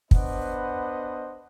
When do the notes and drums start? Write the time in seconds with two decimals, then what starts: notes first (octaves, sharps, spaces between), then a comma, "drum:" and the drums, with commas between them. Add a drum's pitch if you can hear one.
0.11 B3 D4 B4 C5 D#5 F#5, drum: kick